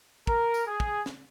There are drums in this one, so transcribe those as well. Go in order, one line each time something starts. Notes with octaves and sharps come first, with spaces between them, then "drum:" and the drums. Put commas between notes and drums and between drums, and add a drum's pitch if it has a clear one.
A#4, drum: kick
drum: tambourine
G#4
drum: kick
drum: snare